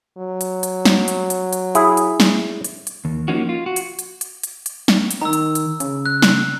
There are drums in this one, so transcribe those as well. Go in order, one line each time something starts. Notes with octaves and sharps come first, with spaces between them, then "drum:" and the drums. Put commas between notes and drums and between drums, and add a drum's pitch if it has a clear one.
F#3
drum: hi-hat
drum: hi-hat
drum: snare
drum: hi-hat
drum: hi-hat
drum: hi-hat
E4 G#4, drum: hi-hat
drum: hi-hat
drum: snare
drum: hi-hat
drum: hi-hat
D#2
F3 A#3 C#4 D#4 F#4
F4
F#4
drum: hi-hat
drum: hi-hat
drum: hi-hat
drum: hi-hat
drum: hi-hat
drum: snare
drum: hi-hat
D#3 A#5 E6
drum: hi-hat
drum: hi-hat
C#3, drum: hi-hat
F#6
drum: snare